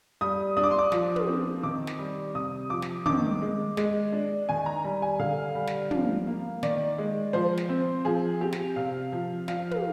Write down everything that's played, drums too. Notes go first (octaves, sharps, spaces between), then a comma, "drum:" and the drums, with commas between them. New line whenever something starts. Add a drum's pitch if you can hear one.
G3 D#6
D4 D#6
D6
C6
D6
F3, drum: snare
drum: tom
C4
D#3 D6
drum: snare
G3
C3 D#6
F3 D6
drum: snare
D#3 D6, drum: tom
G#3
G#3, drum: snare
D4
D#3 G#5
A#5
G3
G#5
D3 F5
G3
drum: snare
F3, drum: tom
A#3
D#3 D5, drum: snare
G#3
F3 C5
drum: snare
C4
F3 G#4
C4 G4
drum: snare
C3 F5
F3
F3 F5, drum: snare
drum: tom